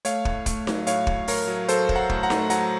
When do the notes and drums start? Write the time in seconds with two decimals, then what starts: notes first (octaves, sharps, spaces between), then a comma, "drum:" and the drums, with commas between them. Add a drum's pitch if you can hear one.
0.05 A3 C#5 F5, drum: hi-hat
0.25 A2, drum: kick
0.46 A3, drum: kick, hi-hat
0.67 F#3, drum: snare D#4
0.87 A2 C#5 F5, drum: hi-hat
1.07 A2, drum: kick
1.28 A2 A#4 C#5, drum: open hi-hat
1.48 F#3
1.69 F#3 A4 C5, drum: hi-hat
1.89 F#3, drum: kick
1.95 F#5 A#5
2.10 A2, drum: kick
2.23 F#5 A#5
2.30 A3, drum: snare D#4
2.50 F#3 F#5 A#5, drum: hi-hat